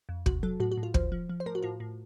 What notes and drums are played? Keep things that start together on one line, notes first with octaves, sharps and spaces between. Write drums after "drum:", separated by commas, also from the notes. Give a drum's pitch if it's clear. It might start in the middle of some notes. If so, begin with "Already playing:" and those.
F2
C3 F#4, drum: kick
F#3 A4
A2 F#4
F#4
A2
F4
F3 C5, drum: kick
F3
F3
C5
A2 A#4
F#4
A2 F4
A2